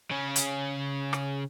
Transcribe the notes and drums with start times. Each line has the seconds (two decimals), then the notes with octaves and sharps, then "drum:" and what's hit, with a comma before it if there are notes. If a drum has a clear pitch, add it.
0.11 C#3 C#4
0.36 drum: hi-hat
1.13 drum: rim click